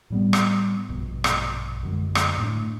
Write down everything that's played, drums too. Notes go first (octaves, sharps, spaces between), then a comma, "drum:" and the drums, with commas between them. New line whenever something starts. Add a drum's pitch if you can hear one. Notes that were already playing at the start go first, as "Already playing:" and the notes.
A2 G3 B3
drum: rim click
A#1 G2 B2
drum: rim click
F#2 D3 G#3
drum: rim click
A2 A3 D4